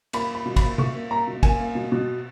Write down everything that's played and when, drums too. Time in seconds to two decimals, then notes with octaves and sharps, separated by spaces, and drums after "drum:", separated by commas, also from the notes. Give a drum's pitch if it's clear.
0.13 A#3 B5, drum: cymbal
0.30 A#3 B5
0.46 B2
0.56 B5, drum: kick, cymbal
0.63 A#3
0.78 B2 C#6, drum: tom
0.94 A#3
1.11 A#3 A#5
1.27 B2
1.43 A#3 G#5, drum: kick, cymbal
1.60 A#3
1.75 B2
1.92 B2